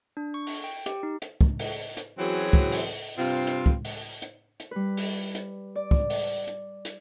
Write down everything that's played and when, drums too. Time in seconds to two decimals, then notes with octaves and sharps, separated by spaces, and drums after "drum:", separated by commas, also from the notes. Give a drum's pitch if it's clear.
0.17 D4
0.34 C#6
0.47 drum: open hi-hat
0.64 G5
0.86 G4, drum: hi-hat
1.03 D#4
1.22 drum: hi-hat
1.41 drum: kick
1.59 drum: open hi-hat
1.97 drum: hi-hat
2.18 E3 F#3 C4 C#4 F#4 G#4
2.53 drum: kick
2.72 drum: open hi-hat
3.18 G2 C3 C4 F4
3.47 drum: hi-hat
3.66 drum: kick
3.85 drum: open hi-hat
4.22 drum: hi-hat
4.60 drum: hi-hat
4.71 G3 B4
4.97 drum: open hi-hat
5.35 drum: hi-hat
5.75 D5
5.91 drum: kick
6.10 drum: open hi-hat
6.47 drum: hi-hat
6.85 drum: hi-hat